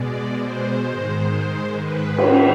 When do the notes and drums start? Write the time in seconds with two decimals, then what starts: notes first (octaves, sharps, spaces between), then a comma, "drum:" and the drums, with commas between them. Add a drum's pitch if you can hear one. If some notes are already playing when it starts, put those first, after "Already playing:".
Already playing: B2 G#3 D5
0.40 C5
0.87 G#2 D#3 G#3
1.82 B4
2.18 drum: cymbal